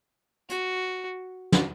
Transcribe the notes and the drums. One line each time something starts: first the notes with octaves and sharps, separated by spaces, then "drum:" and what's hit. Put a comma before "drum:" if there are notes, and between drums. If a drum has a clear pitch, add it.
F#4, drum: hi-hat
drum: snare